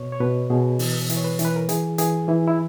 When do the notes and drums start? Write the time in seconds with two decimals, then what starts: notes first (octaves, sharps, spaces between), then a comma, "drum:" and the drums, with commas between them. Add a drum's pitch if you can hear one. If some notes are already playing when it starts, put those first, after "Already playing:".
Already playing: B2 C#5
0.12 C#5
0.20 B2 B4
0.50 B2 G#4
0.79 E3, drum: open hi-hat
1.09 E3, drum: hi-hat
1.17 C#5
1.24 B4
1.39 E3, drum: hi-hat
1.45 B4
1.56 A#4
1.69 E3 G#4, drum: hi-hat
1.98 E3 G#4, drum: hi-hat
2.28 E3 E4
2.48 E4